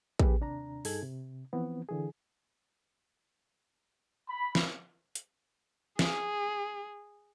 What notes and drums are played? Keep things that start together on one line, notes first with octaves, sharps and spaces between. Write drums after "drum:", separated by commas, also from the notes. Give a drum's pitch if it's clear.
A#3 G4 G#4 B4, drum: kick
D#2 C3 D4 A#5
G2 D#4 G#4 A4 G#6, drum: open hi-hat
C3
E3 F3 B3 C4
D3 E3 G#4
B5
drum: snare
drum: hi-hat
G#4, drum: snare